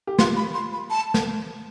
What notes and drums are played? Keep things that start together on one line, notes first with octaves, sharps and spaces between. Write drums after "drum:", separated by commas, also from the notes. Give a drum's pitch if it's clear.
G4
F4 C6, drum: snare
B5
C6
B5
A5
drum: snare